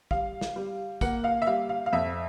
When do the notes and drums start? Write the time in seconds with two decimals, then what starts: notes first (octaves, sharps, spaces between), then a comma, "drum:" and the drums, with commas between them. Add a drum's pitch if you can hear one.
0.11 G3 F5, drum: kick
0.41 drum: snare
0.56 G3
1.01 A#3 F#5, drum: kick, tambourine
1.24 F5
1.42 E5
1.47 G3 F5
1.69 F5
1.86 F5
1.93 F2 E5